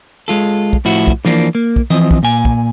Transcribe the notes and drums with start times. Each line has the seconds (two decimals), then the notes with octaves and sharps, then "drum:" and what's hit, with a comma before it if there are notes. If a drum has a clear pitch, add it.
0.28 G#3 F4 A4
0.73 drum: kick
0.85 A2 F3 E4 F#4
1.07 drum: kick
1.25 E3 F3 A#3 D4, drum: snare
1.55 A#3
1.76 drum: kick
1.90 E3 F3 C4 D#5
2.11 drum: kick
2.23 A#2 G#5
2.45 drum: kick